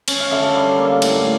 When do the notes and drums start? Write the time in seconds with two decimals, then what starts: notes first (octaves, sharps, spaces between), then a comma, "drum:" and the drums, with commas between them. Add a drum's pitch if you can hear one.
0.08 C#4, drum: cymbal
0.20 F5
0.31 D3 E5
0.44 F5
0.55 G3
0.78 A#3
1.02 A2, drum: cymbal